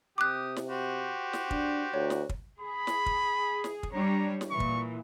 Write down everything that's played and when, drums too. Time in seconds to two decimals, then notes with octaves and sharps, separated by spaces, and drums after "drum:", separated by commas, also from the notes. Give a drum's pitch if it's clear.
0.18 C3 G4 D6 D#6 F#6
0.56 drum: snare
0.68 F#4 G4 C5
1.33 drum: snare
1.51 D4, drum: kick
1.94 D2 C#5
2.10 drum: snare
2.29 drum: kick
2.60 G#4 B5
2.87 drum: snare
3.06 drum: kick
3.64 drum: snare
3.83 drum: kick
3.93 G3 D4 C#5 A#5
4.41 drum: snare
4.51 A#2 E3 C#6
4.60 drum: kick